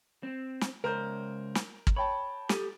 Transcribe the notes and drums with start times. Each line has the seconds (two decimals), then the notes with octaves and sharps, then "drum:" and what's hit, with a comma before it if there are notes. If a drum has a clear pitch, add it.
0.23 C4
0.61 drum: snare
0.84 C#2 A#4 C5 G6
1.55 drum: snare
1.87 drum: kick
1.96 C#5 G5 A5 B5
2.49 G4 A4 D#7, drum: snare